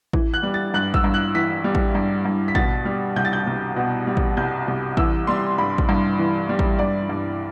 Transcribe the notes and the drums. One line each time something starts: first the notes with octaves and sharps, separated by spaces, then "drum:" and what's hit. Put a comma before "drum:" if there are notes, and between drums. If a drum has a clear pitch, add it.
E3, drum: kick A1
F#6
G3
A6
G2 F#6
E6, drum: kick A1
G2
F#6
E3 B6
G3
drum: kick A1
G2
G2
B6
B2 A6, drum: kick A1
G3
C2 G6
A6
G6
C2
B2
G3
drum: kick A1
C2 G6
C2
E3 E6, drum: kick A1
G3 C6
G2 B5
drum: kick A1
G2
E3
G3
drum: kick A1
G2 D5
G2